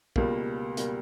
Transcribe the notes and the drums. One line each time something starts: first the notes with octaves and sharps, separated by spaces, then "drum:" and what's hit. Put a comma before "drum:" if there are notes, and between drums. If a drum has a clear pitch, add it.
C#2 B2 G3 A#3, drum: kick
B2 G3 A#3, drum: hi-hat